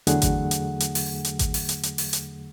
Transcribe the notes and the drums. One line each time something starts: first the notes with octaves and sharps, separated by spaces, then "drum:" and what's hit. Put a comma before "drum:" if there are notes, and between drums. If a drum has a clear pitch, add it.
E2 D3 F#3 A3 G#4 F#5, drum: hi-hat
drum: kick G#1, hi-hat
drum: hi-hat
drum: hi-hat
drum: open hi-hat
drum: hi-hat
drum: kick G#1, hi-hat
drum: open hi-hat
drum: hi-hat
drum: hi-hat
drum: open hi-hat
drum: hi-hat